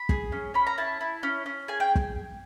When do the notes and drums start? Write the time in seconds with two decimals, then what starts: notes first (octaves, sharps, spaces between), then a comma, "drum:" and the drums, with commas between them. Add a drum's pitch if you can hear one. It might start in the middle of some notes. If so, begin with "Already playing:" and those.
Already playing: B5
0.09 G#4, drum: kick
0.32 C#4
0.54 C#4 B5
0.67 A#5
0.78 E4 A5
1.01 E4
1.23 C#4
1.46 C#4
1.68 G#4 G#5
1.80 G5
1.96 drum: kick